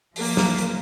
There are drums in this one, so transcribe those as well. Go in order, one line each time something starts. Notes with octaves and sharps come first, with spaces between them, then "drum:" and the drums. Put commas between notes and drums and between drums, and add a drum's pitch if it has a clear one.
F3 A#3, drum: open hi-hat
drum: snare
drum: hi-hat